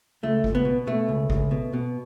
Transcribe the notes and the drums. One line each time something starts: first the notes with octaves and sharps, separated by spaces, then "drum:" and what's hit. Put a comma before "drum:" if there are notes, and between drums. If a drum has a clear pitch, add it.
C#2 A3
C#2, drum: kick G#1
B3
B2
B2 A3
C#2
C#2, drum: kick G#1
B2
B2